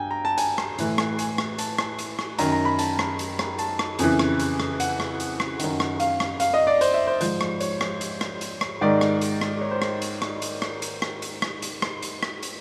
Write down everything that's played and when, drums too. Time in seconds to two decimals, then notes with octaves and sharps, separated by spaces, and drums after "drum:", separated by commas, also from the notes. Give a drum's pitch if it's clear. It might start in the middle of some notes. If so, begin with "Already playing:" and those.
Already playing: G2 G5 G#5 A#5
0.11 A#5
0.25 A5
0.38 G#5, drum: hi-hat
0.58 drum: rim click
0.78 A2 E3, drum: hi-hat
0.98 drum: rim click
1.19 G#5, drum: hi-hat
1.38 drum: rim click
1.58 A5, drum: hi-hat
1.78 drum: rim click
1.99 drum: hi-hat
2.19 drum: rim click
2.39 F#2 D#3 A#5, drum: hi-hat
2.52 A#5
2.65 B5
2.79 A5, drum: hi-hat
2.99 drum: rim click
3.19 drum: hi-hat
3.39 drum: rim click
3.59 A5, drum: hi-hat
3.79 drum: rim click
3.99 F2 C#3 E3 G#5, drum: hi-hat
4.19 drum: rim click
4.40 drum: hi-hat
4.60 drum: rim click
4.80 F#5, drum: hi-hat
5.00 drum: rim click
5.20 drum: hi-hat
5.40 drum: rim click
5.60 F#2 D#3, drum: hi-hat
5.80 drum: rim click
6.00 F5, drum: hi-hat
6.20 drum: rim click
6.40 F5, drum: hi-hat
6.54 D#5
6.67 D5
6.81 C5, drum: hi-hat
6.94 E5
7.07 C5
7.21 G#2 F3 C5, drum: hi-hat
7.41 drum: rim click
7.60 C#5, drum: hi-hat
7.81 drum: rim click
8.01 drum: hi-hat
8.21 drum: rim click
8.41 drum: hi-hat
8.61 drum: rim click
8.81 G#2 D#3 D5
9.01 drum: rim click
9.21 drum: hi-hat
9.41 drum: rim click
9.61 C#5
9.71 C5
9.82 drum: rim click
10.02 drum: hi-hat
10.22 drum: rim click
10.42 drum: hi-hat
10.62 drum: rim click
10.82 drum: hi-hat
11.02 drum: rim click
11.22 drum: hi-hat
11.42 drum: rim click
11.62 drum: hi-hat
11.82 drum: rim click
12.02 drum: hi-hat
12.23 drum: rim click
12.43 drum: hi-hat